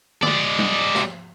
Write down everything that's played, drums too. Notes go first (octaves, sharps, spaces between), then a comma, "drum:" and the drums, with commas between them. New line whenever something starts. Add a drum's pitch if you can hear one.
G#3 D5, drum: tom D3
drum: tom G3
drum: snare